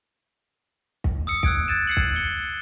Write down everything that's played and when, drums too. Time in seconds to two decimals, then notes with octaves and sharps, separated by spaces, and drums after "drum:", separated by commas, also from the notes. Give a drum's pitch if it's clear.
1.04 drum: kick
1.27 D#6 E6 C#7
1.43 E6 F#6 G#6 D7, drum: kick
1.68 F#6 G#6 A6 D#7 E7
1.87 E6 G#6 C7 C#7 E7 F#7
1.97 drum: kick
2.15 C#7 G7